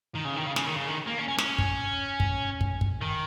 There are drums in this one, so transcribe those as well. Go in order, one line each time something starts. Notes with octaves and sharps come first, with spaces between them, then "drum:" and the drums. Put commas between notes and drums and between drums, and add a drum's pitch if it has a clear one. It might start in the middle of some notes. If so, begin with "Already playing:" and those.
D#3
C#3
D#3
C#3
C#3, drum: snare
D#3
C#3
D#3
A#3
C#4
C#4
C#4, drum: snare
drum: kick
drum: kick
drum: kick
drum: kick
D#3